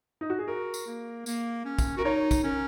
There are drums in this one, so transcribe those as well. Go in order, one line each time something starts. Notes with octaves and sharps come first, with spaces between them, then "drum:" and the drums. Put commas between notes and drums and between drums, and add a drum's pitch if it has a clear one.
D#4
F#4
G#4
F#4 A#4
drum: tambourine
A#3
A#3, drum: tambourine
C#4
drum: kick, tambourine
F#4 A#4
D#4 C#5
drum: kick, tambourine
C#4 A#4